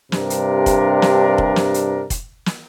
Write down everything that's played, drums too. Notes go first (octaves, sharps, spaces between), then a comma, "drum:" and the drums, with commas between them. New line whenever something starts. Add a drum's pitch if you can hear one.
G2 C3 D4 A#4, drum: snare
drum: hi-hat
drum: kick F1, hi-hat
drum: snare
drum: kick F1
drum: snare
drum: hi-hat
drum: kick F1, hi-hat
drum: snare